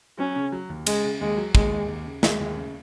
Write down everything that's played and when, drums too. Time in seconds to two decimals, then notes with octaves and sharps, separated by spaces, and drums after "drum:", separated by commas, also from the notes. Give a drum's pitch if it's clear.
0.18 F#3 C#4
0.36 C#3
0.52 F#3
0.69 D#2
0.87 C#3 G#3, drum: cymbal
1.04 C#3
1.21 D#2 G#3
1.37 F#3
1.55 D#2 G#3, drum: kick
1.71 D#2
1.88 D#2
2.06 C#3
2.23 D#2 G#3, drum: snare
2.40 D#2
2.57 C#3